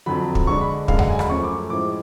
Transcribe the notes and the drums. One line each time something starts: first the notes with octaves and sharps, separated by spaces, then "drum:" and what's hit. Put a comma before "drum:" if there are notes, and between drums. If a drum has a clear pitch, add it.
F2 D3 F#3 B5
drum: kick
D3 G#3 D4 C#6
B5
F#2 D3 G#3 D4 F5, drum: kick
F#5, drum: tom D#2
G#5
B5, drum: rim click
F#2 F3 A3 C#4 C#6
D6
A2 F3 G#3 D6